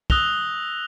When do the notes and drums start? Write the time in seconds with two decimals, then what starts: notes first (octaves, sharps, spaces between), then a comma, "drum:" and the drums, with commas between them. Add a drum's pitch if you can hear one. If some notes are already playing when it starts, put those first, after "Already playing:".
0.10 D#6 E6 F#6 A#6 F7 G7, drum: kick